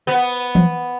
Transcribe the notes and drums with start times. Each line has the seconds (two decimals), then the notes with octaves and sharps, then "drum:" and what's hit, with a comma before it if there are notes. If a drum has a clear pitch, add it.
0.07 B3
0.55 drum: tom E3